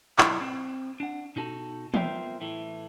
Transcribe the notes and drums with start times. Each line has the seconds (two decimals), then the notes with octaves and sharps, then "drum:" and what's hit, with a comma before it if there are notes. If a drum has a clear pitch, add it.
0.18 B1 E4 C6, drum: clap
0.41 C4
1.00 D4 F#5
1.36 B2 D#4 F#4 A4
1.94 B3 F4 A#4 C5 E5 G5, drum: tom
2.41 A2 E3 A3